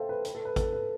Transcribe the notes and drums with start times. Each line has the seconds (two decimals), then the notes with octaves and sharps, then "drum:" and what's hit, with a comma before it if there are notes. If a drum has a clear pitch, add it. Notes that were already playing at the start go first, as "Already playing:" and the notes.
Already playing: A4 C5 E5 F5 G5 A5
0.09 B4
0.25 B4, drum: hi-hat
0.35 A4
0.45 B4
0.56 A4, drum: kick G#1, hi-hat
0.73 B4